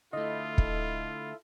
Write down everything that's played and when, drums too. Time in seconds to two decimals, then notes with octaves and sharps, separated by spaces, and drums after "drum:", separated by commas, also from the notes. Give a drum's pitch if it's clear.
0.13 D3 A3 E4 F4 A4 D#5
0.58 drum: kick